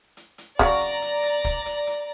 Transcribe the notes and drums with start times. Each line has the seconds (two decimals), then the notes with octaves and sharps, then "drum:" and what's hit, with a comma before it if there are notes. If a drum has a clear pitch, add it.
0.17 drum: hi-hat
0.38 drum: hi-hat
0.59 C#3 F#3 D5 A#5, drum: kick, hi-hat
0.81 drum: hi-hat
1.02 drum: hi-hat
1.23 drum: hi-hat
1.44 drum: kick, hi-hat
1.66 drum: hi-hat
1.87 drum: hi-hat